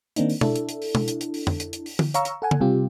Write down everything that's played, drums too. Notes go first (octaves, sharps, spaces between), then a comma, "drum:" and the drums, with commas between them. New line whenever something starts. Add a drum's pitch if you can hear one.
D#3 A#3 C4 D4 D#4, drum: hi-hat
drum: open hi-hat
D4 E4 A4, drum: tom B2
drum: hi-hat
drum: hi-hat
drum: open hi-hat
drum: tom B2
drum: hi-hat
drum: hi-hat
drum: open hi-hat
drum: tom
drum: hi-hat
drum: hi-hat
drum: open hi-hat
drum: tom
C#5 F5 A#5 C#6 E6, drum: hi-hat
drum: hi-hat
A4 F#5 G#5
drum: tom C#3
C3 G3 C4 F4 G4